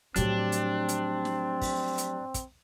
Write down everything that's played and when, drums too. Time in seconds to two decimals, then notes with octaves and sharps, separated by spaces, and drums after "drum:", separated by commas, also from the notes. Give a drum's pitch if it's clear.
0.16 A2 F3 F#3 C4 D4 G4, drum: hi-hat
0.52 drum: hi-hat
0.89 drum: hi-hat
1.25 drum: snare
1.62 drum: kick, open hi-hat
1.98 drum: hi-hat
2.34 drum: kick, hi-hat